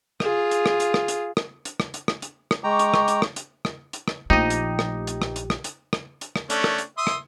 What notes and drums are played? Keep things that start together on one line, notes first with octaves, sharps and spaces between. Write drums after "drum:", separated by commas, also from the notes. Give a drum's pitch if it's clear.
F4 G#4, drum: rim click
drum: hi-hat
drum: rim click
drum: hi-hat
drum: rim click
drum: hi-hat
drum: rim click
drum: hi-hat
drum: rim click
drum: hi-hat
drum: rim click
drum: hi-hat
drum: rim click
G#3 G5 A#5 C#6 D6
drum: hi-hat
drum: rim click
drum: hi-hat
drum: rim click
drum: hi-hat
drum: rim click
drum: hi-hat
drum: rim click
A#1 F3 A3 D#4 G4 D#5
drum: hi-hat
drum: rim click
drum: hi-hat
drum: rim click
drum: hi-hat
drum: rim click
drum: hi-hat
drum: rim click
drum: hi-hat
drum: rim click
A3 C#4 D4, drum: hi-hat
drum: rim click
drum: hi-hat
E5 C6 D#6
drum: rim click